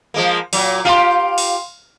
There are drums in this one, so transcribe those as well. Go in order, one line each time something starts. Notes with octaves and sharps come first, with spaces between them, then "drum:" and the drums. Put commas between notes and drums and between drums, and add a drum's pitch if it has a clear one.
F3 G#3 A#3
A#2 F#3, drum: open hi-hat
F4 G4 F5 C6
drum: open hi-hat